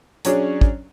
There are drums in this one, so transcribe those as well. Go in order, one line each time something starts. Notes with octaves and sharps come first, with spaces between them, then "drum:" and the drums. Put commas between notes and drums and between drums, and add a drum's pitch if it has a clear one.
F#3 C#4 D4 G#4, drum: hi-hat
drum: kick